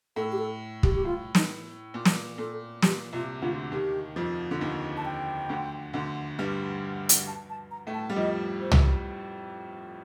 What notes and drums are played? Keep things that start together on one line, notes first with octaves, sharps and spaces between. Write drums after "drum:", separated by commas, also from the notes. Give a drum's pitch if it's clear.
A2 A4
G4
A4
G4, drum: kick
G4
A2 F4
D#4, drum: snare
A#2
drum: snare
A#2 A4
A#2 G4, drum: snare
C2 C3 F4
D2 D3 F4
D#2 D#3 G4
F2 F3
D3
D#2 D#3
A5
G5
D2 D3
D2 D3
G2 G3
drum: hi-hat
A5
A5
A#5
A2 A3
A5
G3
F2 F3 D#5
C5
drum: tom